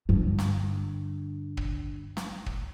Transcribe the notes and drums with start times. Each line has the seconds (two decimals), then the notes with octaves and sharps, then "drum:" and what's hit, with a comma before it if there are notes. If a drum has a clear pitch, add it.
0.09 G2 D3
0.39 drum: snare
1.57 drum: kick
2.17 drum: snare
2.46 drum: kick